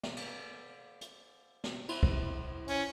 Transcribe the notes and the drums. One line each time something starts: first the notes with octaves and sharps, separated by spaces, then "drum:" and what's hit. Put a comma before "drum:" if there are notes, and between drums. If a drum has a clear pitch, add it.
drum: snare
drum: cymbal
drum: hi-hat
drum: snare
E4, drum: cymbal
drum: kick
C#4, drum: open hi-hat